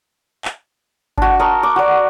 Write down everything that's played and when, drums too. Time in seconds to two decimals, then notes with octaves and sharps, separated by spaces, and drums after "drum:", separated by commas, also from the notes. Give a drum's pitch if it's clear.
0.45 drum: clap
1.18 D4 F#4, drum: kick G1
1.39 A#4 D#5 A5 C#6
1.63 D6
1.76 F#4 D5